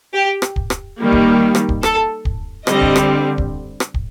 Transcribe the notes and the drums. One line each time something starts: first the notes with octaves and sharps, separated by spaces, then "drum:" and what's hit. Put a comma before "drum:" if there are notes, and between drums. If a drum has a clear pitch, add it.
G4
drum: rim click
drum: kick
drum: rim click
D#3 G3 A#3
drum: kick
drum: rim click
drum: kick
A4, drum: rim click
drum: kick
D3 G3 C4 D#5, drum: rim click
drum: kick
drum: rim click
drum: kick
drum: rim click
drum: kick